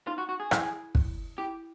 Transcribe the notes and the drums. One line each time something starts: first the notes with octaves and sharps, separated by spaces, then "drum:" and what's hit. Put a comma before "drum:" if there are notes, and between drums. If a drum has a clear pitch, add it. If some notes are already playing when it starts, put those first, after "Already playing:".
D#4 F4
F#4
F#4
G#4
E4, drum: rim click
drum: kick
E4 G4